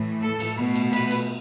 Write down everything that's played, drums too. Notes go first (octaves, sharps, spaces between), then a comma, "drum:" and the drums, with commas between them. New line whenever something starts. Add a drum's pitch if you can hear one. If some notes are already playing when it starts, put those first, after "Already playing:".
Already playing: A2 E3 A3
A4
drum: cymbal
B2 A3
drum: cymbal
B4, drum: cymbal
drum: cymbal